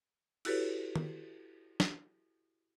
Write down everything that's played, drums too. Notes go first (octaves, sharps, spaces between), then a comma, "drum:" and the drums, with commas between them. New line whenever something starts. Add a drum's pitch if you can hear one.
E4 F#4 G4 A4 B4 C#5, drum: cymbal
drum: tom D#3
drum: snare